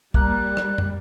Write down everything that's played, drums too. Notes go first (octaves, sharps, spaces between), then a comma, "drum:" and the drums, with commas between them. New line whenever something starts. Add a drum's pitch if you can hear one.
G3 A#3 F#6, drum: kick
drum: rim click
drum: tom